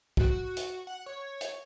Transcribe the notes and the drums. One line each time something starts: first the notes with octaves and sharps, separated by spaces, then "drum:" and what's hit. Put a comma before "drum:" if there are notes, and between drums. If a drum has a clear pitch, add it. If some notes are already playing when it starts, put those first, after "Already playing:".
F#4, drum: kick
drum: hi-hat
F#5
C#5
drum: hi-hat